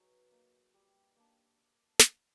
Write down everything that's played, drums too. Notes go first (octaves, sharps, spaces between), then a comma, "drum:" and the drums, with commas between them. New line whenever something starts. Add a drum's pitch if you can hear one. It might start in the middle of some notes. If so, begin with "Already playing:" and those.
Already playing: F#3 D#4 G#4 B4
A#3 D#4
G3
A#3 D4
drum: snare